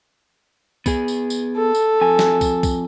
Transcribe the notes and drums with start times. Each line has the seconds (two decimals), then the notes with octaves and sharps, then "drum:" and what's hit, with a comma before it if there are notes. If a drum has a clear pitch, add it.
0.86 B3 G#4, drum: kick, tambourine
1.08 drum: tambourine
1.30 drum: tambourine
1.57 A4
1.75 drum: tambourine
2.01 F2 G#5
2.19 drum: snare
2.41 drum: kick, tambourine
2.63 drum: kick, tambourine